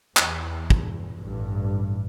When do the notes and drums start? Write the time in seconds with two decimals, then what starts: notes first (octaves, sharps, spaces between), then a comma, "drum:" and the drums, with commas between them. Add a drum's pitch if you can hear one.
0.17 E2, drum: clap
0.70 drum: kick
1.21 A1 G2